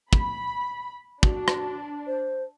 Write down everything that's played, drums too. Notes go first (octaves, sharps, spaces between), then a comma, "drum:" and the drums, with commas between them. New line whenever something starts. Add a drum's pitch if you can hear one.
B5, drum: kick
D4 F#4, drum: kick
drum: rim click
C5